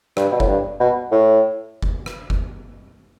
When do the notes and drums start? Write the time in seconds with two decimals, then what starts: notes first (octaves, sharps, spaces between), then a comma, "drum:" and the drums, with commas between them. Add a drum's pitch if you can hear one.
0.17 G2, drum: rim click
0.31 B2
0.40 A2, drum: kick F#1
0.47 G2
0.80 B2
1.11 A2
1.82 drum: kick F#1
2.06 drum: rim click
2.30 drum: kick F#1